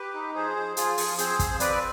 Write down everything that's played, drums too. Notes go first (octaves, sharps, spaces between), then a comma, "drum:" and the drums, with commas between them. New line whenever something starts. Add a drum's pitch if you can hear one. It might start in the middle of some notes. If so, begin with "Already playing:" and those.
Already playing: G4 B4
D#4
F3 G#4 C5
F3
F3 F4 G#4, drum: hi-hat
F3, drum: open hi-hat
C4 G#4 C5, drum: hi-hat
F3, drum: kick, hi-hat
C4 B4 D5, drum: hi-hat